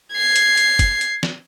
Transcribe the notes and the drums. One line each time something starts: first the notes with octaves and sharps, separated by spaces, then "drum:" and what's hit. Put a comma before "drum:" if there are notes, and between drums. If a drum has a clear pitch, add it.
G#6 C7
drum: hi-hat
drum: hi-hat
drum: kick, hi-hat
drum: hi-hat
drum: snare